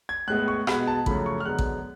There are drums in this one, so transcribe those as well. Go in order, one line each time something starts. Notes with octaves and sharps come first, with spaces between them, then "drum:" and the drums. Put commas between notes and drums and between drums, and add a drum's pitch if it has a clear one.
G#6
A2 G#3 B3 F#6
C#6
B2 G#3 B3 B5, drum: rim click
A5
F#2 C#3 F3 A3 B5, drum: kick A1
C#6
F6
F#2 D3 G#3 B3 F#6
drum: kick A1